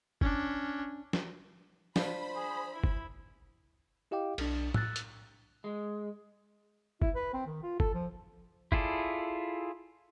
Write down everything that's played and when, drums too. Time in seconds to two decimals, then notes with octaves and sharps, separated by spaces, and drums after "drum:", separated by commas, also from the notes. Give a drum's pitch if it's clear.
0.21 C#4 D4, drum: kick
1.13 drum: snare
1.96 D4 F4 C5 B5, drum: snare
2.36 G#4
2.74 E4
2.84 drum: kick
4.11 E4 G4 D#5 F5 G5 D6
4.38 B1 D4, drum: cymbal
4.74 E6 F#6 A6, drum: tom
4.96 drum: hi-hat
5.64 G#3
7.02 E4, drum: kick
7.15 B4
7.33 C4
7.46 D#3
7.63 F4
7.80 A4, drum: kick
7.94 F3
8.72 E4 F4 G#4 A4 D5, drum: kick